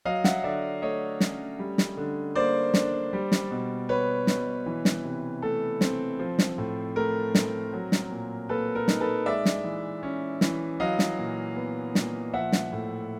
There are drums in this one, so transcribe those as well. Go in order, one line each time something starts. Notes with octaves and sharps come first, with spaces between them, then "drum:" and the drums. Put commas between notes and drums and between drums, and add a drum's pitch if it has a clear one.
F#3 D#5 F5
E5 F#5, drum: snare
D3 D5 E5
A3 C#5 D#5
C#4, drum: snare
G3
drum: snare
D3
A#3 C5 D5
D4, drum: snare
G3
drum: snare
B2
B3 B4 C#5
B2, drum: snare
E3
drum: snare
C3
A3 A4
C4, drum: snare
F3
drum: snare
A2
A3 A#4
C4, drum: snare
F#3
drum: snare
A#2
A#3 A4 B4
A#4
D#4, drum: snare
A4 B4
G#3 D5 E5
drum: snare
E3
C#4
E3, drum: snare
F#3 D#5 F5
drum: snare
A#2
B3
A#2, drum: snare
F3 E5 F#5
drum: snare
A2